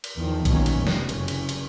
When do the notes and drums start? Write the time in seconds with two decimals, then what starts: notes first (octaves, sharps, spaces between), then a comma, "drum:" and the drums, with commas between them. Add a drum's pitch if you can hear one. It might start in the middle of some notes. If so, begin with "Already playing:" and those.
0.04 drum: cymbal
0.16 E2 D#3 F3
0.45 A#1 B2 D#3 F#3 A#3 C#4, drum: kick B1, cymbal
0.66 drum: cymbal
0.76 F1
0.87 drum: snare
1.09 F#1 C#3 C#4, drum: cymbal
1.28 drum: cymbal
1.49 drum: cymbal